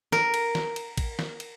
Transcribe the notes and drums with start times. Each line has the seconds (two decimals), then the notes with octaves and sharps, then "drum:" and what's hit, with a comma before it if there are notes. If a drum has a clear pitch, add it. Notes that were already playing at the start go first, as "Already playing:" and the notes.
0.12 A#4, drum: snare
0.34 drum: cymbal
0.55 drum: snare
0.76 drum: cymbal
0.97 drum: kick, cymbal
1.19 drum: snare
1.40 drum: cymbal